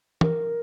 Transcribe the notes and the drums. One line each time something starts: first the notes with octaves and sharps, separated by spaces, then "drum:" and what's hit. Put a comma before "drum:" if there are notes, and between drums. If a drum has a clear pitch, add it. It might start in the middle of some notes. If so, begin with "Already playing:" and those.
A#4, drum: tom